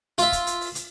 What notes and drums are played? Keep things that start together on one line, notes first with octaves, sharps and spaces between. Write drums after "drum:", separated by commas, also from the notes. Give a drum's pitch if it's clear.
F4 E5, drum: hi-hat
drum: kick E1, hi-hat
drum: hi-hat
drum: open hi-hat
drum: hi-hat